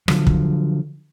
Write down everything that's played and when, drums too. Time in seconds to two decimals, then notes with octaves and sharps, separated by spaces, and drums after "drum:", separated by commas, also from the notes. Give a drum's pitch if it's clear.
0.08 D3 F3 F#3, drum: rim click
0.27 drum: kick